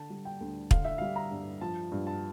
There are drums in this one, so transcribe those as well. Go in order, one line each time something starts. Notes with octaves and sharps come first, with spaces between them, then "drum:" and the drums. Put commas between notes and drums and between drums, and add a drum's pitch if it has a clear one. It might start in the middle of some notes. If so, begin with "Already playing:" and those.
Already playing: D3 A5
G3
G5
D2
D3 F5, drum: kick
E5
G3 F5
A#5
G2
F3 A5
G2
A5